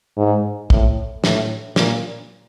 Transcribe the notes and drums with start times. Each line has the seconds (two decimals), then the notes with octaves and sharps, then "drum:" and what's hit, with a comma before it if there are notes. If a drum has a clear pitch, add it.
0.17 G#2
0.70 A2, drum: kick
1.24 A2, drum: snare
1.76 A#2, drum: snare